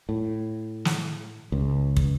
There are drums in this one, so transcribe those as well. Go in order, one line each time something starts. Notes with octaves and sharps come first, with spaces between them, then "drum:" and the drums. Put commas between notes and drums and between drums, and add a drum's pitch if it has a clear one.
A2
drum: snare
C#2
drum: kick